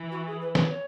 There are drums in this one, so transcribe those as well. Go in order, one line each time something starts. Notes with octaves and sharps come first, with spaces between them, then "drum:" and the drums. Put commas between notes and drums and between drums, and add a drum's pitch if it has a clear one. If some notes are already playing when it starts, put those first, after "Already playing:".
Already playing: E3
F#4
G#4
B4
B4, drum: snare
C#5